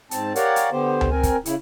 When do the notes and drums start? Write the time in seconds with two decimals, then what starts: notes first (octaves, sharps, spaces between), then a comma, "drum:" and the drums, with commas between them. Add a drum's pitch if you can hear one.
0.11 G#2 C4 A5, drum: hi-hat
0.36 G4 A#4 C#5 D5 F5 F#5, drum: hi-hat
0.56 drum: hi-hat
0.72 D3 B3 G4 C5
1.01 drum: tom C#2
1.11 C4 A#4 G#5
1.23 drum: kick, hi-hat
1.46 C#3 E4, drum: hi-hat